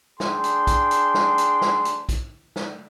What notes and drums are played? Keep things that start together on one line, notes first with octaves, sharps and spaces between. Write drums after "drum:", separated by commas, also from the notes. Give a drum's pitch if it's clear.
D4 G#4 G5 C6, drum: snare
drum: hi-hat
drum: kick, hi-hat
drum: hi-hat
drum: snare
drum: hi-hat
drum: snare
drum: hi-hat
drum: kick, hi-hat
drum: snare